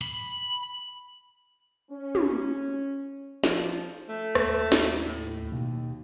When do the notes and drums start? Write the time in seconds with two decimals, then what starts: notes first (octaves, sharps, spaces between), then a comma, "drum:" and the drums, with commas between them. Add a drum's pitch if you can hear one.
0.02 B5
1.90 C#4
2.15 drum: tom
3.44 F3, drum: snare
4.09 A3
4.35 D#2, drum: rim click
4.72 drum: snare
5.06 A2
5.52 D#2 B2